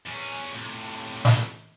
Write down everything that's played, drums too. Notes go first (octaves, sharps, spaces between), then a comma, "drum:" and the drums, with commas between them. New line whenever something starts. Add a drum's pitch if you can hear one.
E2 C#4
A2 C3
drum: snare